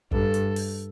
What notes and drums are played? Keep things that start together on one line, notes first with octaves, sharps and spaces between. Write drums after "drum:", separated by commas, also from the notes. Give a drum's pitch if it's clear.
G2 A4, drum: kick
drum: hi-hat
drum: open hi-hat